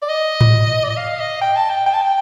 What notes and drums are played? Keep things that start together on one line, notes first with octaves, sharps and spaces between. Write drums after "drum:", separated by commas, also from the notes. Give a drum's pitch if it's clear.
D5
D#5
drum: tom G#2
D5
D#5
F5
D#5
G5
A5
G5
G5
A5
G5